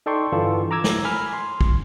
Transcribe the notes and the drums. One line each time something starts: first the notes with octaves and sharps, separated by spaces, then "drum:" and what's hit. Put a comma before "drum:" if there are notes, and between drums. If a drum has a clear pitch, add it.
D#4 A4 D5 G5 C6 C#6
G2 D3 E3 F4 A4
A#5 D6 E6 G#6
drum: snare
G#5 B5 F6
C6
drum: kick